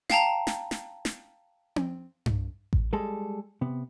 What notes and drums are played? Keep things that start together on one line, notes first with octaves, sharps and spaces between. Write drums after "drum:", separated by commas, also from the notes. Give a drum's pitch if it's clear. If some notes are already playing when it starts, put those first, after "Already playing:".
F5 G5 A5 A#5, drum: snare
drum: snare
drum: snare
drum: snare
drum: tom C4
drum: tom G2
drum: kick A1
G3 G#3 G#4 A4
C3 B3